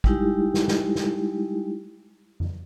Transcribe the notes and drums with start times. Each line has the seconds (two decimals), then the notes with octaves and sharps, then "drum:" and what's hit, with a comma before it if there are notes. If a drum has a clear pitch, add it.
0.04 G3 G#3 D#4 E4 G4, drum: kick
0.54 drum: snare
0.68 drum: snare
0.95 drum: snare
2.40 drum: tom F2